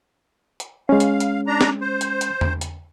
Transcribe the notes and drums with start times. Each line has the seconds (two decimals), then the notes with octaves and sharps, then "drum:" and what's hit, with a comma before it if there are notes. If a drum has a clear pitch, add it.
0.60 drum: hi-hat
0.89 G#3 C#4 F5
1.00 drum: hi-hat
1.20 drum: hi-hat
1.47 D4 A#5
1.61 drum: snare
1.81 C5
2.01 drum: hi-hat
2.21 drum: hi-hat
2.41 drum: tom E2
2.61 drum: hi-hat